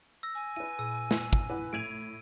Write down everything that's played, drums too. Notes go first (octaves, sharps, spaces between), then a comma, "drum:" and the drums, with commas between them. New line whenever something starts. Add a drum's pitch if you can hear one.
E6 A#6
G#5
E4 B4 D#7
A#2 E6
drum: snare
drum: kick
E4 B4 F#5
A2 G#6 D7 D#7 F7